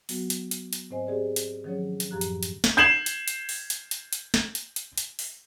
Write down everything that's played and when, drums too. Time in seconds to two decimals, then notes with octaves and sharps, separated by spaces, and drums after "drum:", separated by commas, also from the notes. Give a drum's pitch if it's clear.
0.09 F#3 B3 F#4, drum: open hi-hat
0.30 drum: hi-hat
0.51 drum: hi-hat
0.73 drum: hi-hat
0.91 G#2 C4 C5 D#5 G#5
1.07 C4 G4 G#4 C5 D5
1.36 drum: hi-hat
1.64 D#3 F3 F#3 C#4 G#4 C#5
2.00 drum: hi-hat
2.11 F#2 A2 F3 G4 A#5 F#6
2.21 drum: hi-hat
2.43 drum: hi-hat
2.64 drum: snare
2.77 G6 G#6 C7 E7 F#7
3.06 drum: hi-hat
3.28 drum: hi-hat
3.49 drum: open hi-hat
3.70 drum: hi-hat
3.91 drum: hi-hat
4.13 drum: hi-hat
4.34 drum: snare
4.55 drum: hi-hat
4.76 drum: hi-hat
4.98 drum: hi-hat
5.19 drum: open hi-hat